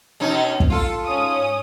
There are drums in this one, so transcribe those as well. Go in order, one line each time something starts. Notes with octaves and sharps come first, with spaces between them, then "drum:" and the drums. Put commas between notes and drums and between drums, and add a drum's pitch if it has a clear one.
B2 C#4 D#4
drum: kick
F4 A4
G#2 C#4 D#6